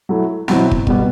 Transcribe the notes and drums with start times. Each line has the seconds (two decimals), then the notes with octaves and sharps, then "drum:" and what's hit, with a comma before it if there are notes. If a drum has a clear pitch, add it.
0.09 F#3 A3 E4
0.48 B2 F#3 C4 E4, drum: snare
0.71 drum: kick
0.87 B2 G3 B3, drum: kick